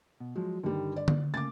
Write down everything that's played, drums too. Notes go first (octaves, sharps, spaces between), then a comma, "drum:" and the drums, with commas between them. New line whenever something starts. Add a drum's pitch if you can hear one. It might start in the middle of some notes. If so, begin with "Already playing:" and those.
B2
F3 F#3 G#3
G2 D3 D#3 G3
D5
drum: tom D3
C#3 A3 A#3 D6 A6